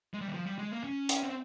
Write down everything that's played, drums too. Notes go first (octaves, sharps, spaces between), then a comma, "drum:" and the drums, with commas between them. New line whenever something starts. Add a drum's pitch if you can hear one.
G#3
G3
D#3
F3
G3
G#3
A#3
C#4
drum: hi-hat
C4